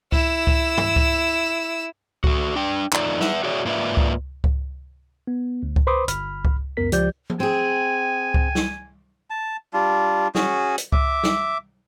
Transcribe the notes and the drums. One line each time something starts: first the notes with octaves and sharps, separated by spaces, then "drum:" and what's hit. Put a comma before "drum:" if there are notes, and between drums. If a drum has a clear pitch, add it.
E4 E6, drum: kick C#2
drum: kick C#2
drum: tom G2
drum: kick C#2
A3 F#4, drum: kick C#2
D4 G5
F2 A3 D#4 F4 D5, drum: clap
B4 E5 F#5, drum: snare
F#4 G#4 C#5 D5 E5
G#2 A#3 F4 B4 D5 E5
drum: kick C#2
drum: kick C#2
B3
D2
drum: kick C#2
B4 C5 B5 C6 D6 D#6
G1 B5 F6, drum: hi-hat
drum: kick C#2
C#2 F#2 B3 A#4 B6
C#2 F3 G4 D5 G6, drum: hi-hat
drum: tom F3
C4 G#4 G5 G#5
drum: kick C#2
drum: snare
A5
G3 D4 F4
C#4 F#4 G#4, drum: snare
drum: hi-hat
E5 D6, drum: kick C#2
drum: snare